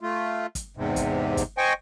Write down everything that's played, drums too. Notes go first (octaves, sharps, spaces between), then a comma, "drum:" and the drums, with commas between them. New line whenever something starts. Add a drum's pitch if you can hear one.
A3 F4
drum: kick, hi-hat
E2 G#2 C3
drum: kick, hi-hat
drum: kick, hi-hat
C5 D#5 G5 G#5 C#6